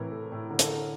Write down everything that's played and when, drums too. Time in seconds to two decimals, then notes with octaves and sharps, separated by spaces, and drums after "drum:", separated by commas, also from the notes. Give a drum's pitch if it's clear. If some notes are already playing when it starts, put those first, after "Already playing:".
Already playing: A2 C3 E3 A#4
0.12 A3
0.32 A2
0.50 D3 A#4
0.59 A4, drum: hi-hat
0.68 A3 A#4